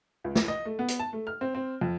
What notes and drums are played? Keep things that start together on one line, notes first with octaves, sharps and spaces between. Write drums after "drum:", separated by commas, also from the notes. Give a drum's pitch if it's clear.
C#2
drum: snare
D#5
A3
B3
drum: hi-hat
A5
A3
F6
C4
C4
F2